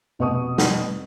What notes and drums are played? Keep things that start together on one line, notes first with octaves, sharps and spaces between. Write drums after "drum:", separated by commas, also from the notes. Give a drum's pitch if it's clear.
F1 B2 B4 C#6 D#6
drum: snare